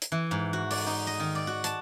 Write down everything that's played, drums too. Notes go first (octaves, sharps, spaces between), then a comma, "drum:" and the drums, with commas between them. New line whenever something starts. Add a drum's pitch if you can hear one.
drum: hi-hat
E3
G#2
F#4
D5, drum: open hi-hat
D#4
D#5
D#3
D5
F#4
A5, drum: hi-hat